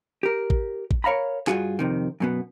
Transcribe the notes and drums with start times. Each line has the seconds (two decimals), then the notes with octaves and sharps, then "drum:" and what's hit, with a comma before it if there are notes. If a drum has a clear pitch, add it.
0.23 G4 A#4
0.50 drum: kick A1
0.91 drum: kick A1
1.04 A#4 C#5 F5 A#5 B5
1.47 G2 F4 F#4 G#4, drum: clap
1.79 F2 C3 D#3
2.20 F#2 B2 B3